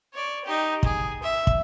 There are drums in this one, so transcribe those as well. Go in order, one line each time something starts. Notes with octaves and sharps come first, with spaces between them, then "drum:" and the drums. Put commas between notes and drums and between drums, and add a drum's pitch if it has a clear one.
C#5 D5
D#4 G4
G#4, drum: kick
E5
drum: kick